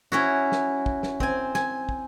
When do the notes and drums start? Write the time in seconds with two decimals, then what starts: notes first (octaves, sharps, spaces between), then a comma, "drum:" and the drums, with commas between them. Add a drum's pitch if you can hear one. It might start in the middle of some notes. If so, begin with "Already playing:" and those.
0.12 C#4 E4 F#4
0.52 drum: snare
0.86 drum: kick
1.03 drum: snare
1.20 C4 G#5, drum: kick
1.55 G#5, drum: snare
1.89 drum: kick